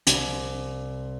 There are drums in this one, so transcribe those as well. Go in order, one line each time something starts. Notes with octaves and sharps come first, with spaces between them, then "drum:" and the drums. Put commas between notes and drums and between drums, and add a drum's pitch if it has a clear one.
C2, drum: hi-hat